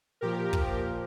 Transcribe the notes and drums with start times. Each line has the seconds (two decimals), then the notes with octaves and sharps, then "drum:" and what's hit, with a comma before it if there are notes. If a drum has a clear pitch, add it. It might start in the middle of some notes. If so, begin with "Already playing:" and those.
0.21 A#2 F3 G4 A#4
0.53 drum: kick